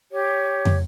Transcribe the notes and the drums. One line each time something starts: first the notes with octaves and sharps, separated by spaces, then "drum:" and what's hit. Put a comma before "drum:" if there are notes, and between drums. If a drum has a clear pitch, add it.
G4 C#5
drum: tom